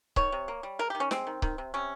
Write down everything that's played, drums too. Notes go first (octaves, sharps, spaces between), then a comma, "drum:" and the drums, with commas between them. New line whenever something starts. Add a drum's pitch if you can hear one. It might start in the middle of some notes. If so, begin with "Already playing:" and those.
D#3 C#5, drum: kick C#1
C3
A#3
G3
G#3 A#4
D#3 G4
C#4
G#3 C4, drum: snare
D#3
D#3, drum: kick C#1
C3
C3 C#4